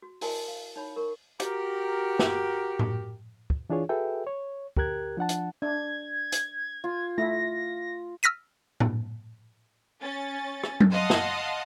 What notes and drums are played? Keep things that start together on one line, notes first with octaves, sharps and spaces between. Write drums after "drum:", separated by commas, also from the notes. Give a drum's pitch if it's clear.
F#4
E4 F#4 A#4 G#5 A5, drum: open hi-hat
F5
D#4 C#5 B5
A#4 C#6
F#4 G4 A#4, drum: hi-hat
drum: snare
drum: tom A2
drum: kick
E3 D4 F4 G#4 C#5
F#4 G#4 A4 B4 E5 G5
C#5
D2 G4 A#4 F#6 G#6, drum: kick
F3 D4 F#5 A5
drum: hi-hat
D4 G#6
drum: hi-hat
F4
A3 E4 A#6
E6 F6 A#6 B6 D#7
drum: tom A2
C#4 A6
drum: rim click
drum: tom F#3
D#5 F5 F#5 A5 C6 D#6
drum: snare